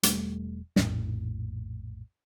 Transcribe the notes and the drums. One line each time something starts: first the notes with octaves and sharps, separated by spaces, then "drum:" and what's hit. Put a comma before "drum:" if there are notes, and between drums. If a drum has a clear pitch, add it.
E1 G3 A3, drum: hi-hat
A#1 F2 A2, drum: snare